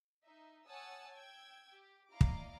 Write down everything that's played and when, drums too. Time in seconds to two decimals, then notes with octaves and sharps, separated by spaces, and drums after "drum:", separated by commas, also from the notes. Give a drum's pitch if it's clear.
0.23 D#4 E5
0.67 C#5 F#5 G#5 A5 D#6 E6
1.15 G5 E6 G#6
1.74 G4
2.11 E4 D5 D#5 F5 A#5 D6
2.21 drum: kick